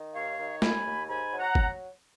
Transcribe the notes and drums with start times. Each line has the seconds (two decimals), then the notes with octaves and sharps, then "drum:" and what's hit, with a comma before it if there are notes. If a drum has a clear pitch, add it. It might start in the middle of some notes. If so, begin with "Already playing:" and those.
Already playing: D#3
0.14 D#2 C#5 F5
0.38 D#3
0.62 D#2 G#5 B5, drum: snare A3
0.86 D#2
1.08 G#2 G#5 B5
1.32 F#3
1.39 F#5 A#5
1.55 F#3, drum: kick